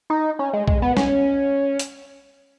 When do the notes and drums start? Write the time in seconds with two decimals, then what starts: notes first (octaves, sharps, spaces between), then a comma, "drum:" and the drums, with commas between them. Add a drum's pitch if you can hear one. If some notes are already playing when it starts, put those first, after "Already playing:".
0.10 D#4
0.39 C#4
0.53 G#3
0.68 G#3, drum: kick
0.82 B3
0.97 C#4, drum: snare
1.79 drum: hi-hat